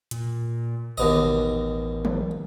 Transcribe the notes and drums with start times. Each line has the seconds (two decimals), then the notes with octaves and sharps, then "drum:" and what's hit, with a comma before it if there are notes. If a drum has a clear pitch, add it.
0.11 A#2, drum: hi-hat
0.98 A1 D#2 B2 D#5
2.05 drum: tom